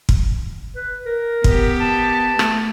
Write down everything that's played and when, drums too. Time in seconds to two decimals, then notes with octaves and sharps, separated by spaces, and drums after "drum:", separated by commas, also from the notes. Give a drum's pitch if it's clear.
0.09 drum: kick
0.76 B4
1.06 A#4
1.44 B3 G4, drum: kick
1.80 A5
2.39 A3, drum: rim click